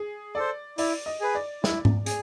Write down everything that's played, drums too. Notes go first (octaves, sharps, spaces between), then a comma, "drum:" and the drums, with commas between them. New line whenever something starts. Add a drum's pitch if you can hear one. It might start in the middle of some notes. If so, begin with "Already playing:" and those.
Already playing: G#4
A4 C5 D5
E4 D5, drum: open hi-hat
D#5
G#4 B4
D5
E4, drum: snare
drum: tom G#2
G#4, drum: hi-hat